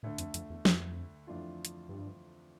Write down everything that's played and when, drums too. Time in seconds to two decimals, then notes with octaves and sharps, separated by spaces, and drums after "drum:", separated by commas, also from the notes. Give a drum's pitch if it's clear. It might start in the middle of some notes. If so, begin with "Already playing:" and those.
0.03 D2 A2 D3 A3
0.18 F2, drum: hi-hat
0.34 F2, drum: hi-hat
0.50 E2
0.65 F2, drum: snare
1.27 F2 E3 A3 D4 F4
1.65 drum: hi-hat
1.89 G2